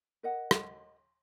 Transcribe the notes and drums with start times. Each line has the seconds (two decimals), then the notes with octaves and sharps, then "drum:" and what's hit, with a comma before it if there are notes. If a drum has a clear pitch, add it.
0.23 A#4 D#5 F#5
0.51 drum: rim click